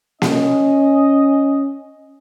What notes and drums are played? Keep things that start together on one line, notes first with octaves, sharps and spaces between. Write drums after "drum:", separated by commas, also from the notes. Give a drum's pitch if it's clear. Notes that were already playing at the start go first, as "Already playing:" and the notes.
C#4 D#5, drum: snare A#3